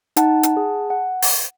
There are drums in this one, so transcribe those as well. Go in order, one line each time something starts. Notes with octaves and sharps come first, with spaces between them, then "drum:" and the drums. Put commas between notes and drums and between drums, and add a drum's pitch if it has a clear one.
D#4 F#5 A5, drum: hi-hat
drum: hi-hat
G#4
F#5
drum: open hi-hat